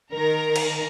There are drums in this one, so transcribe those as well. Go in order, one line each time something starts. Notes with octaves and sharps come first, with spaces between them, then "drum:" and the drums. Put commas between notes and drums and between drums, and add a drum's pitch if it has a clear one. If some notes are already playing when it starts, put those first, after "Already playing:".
D#3 A#4 A#5
drum: cymbal